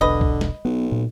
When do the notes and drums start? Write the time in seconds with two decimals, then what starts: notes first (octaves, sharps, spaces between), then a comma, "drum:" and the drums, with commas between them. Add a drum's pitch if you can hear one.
0.01 E1 B1 D3 B4 D#5
0.21 drum: kick
0.41 drum: snare
0.65 B1 B3
0.92 A#2